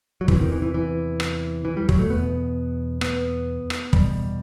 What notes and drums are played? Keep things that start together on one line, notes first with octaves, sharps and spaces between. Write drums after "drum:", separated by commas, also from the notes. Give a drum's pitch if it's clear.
F#3
E2 C3 E3, drum: kick
D#3
E3
E3
E3
drum: rim click
E3
G3
F#3, drum: kick
A3
E2 B2 B3
B3, drum: rim click
drum: rim click
E2 B2 G3, drum: kick